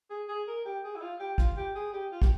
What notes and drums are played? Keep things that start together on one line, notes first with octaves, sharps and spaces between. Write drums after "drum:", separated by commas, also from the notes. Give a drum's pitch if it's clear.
G#4
G#4
A#4
G4
G#4
E4
F4
G4
F4, drum: kick
G4
G#4
G4
F4
G4, drum: kick